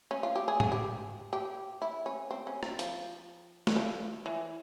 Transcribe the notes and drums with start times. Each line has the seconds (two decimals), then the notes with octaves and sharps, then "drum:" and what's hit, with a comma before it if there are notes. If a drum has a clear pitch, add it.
0.11 C#4
0.23 F4
0.36 G4
0.48 G#4
0.60 G#4, drum: tom G#2
0.72 G4
1.33 G4
1.82 E4
2.06 C#4
2.31 C4
2.47 C#4
2.63 C4, drum: rim click
2.79 F3, drum: hi-hat
3.67 E3, drum: snare
3.76 F3
4.26 E3